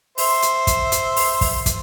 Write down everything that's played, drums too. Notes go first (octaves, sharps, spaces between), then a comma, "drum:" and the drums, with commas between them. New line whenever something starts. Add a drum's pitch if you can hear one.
C5 E5, drum: open hi-hat
drum: hi-hat
drum: kick, hi-hat
drum: hi-hat
drum: open hi-hat
drum: kick, open hi-hat
drum: kick, hi-hat